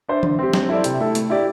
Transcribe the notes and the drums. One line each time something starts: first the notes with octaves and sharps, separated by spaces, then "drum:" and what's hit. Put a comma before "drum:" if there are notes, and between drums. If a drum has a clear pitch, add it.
D4 C5 E5
D3, drum: tom E3
C4 G4
C4, drum: snare
E4 A4 D5
C3, drum: hi-hat
A3 E4 A4
A3, drum: hi-hat
E4 G4 D5